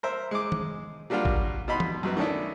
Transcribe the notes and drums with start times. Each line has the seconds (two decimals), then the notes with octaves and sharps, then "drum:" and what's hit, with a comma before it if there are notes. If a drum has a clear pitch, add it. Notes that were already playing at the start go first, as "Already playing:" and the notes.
0.03 A#4 C5 E5
0.31 G#3 D6
0.52 drum: tom
1.10 F#3 G3 A#3 D4 F4 F#4
1.25 drum: kick G#1
1.68 B2 D#4 B5 C6
1.80 drum: tom
2.03 F#2 F#3 B3
2.17 D#3 A3 C#4 D4 E4